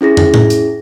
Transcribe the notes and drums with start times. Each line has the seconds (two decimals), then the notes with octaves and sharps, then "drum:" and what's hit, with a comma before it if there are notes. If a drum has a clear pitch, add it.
0.01 C#4 E4 G#4 A#6
0.17 drum: tom
0.34 drum: tom A2
0.50 drum: hi-hat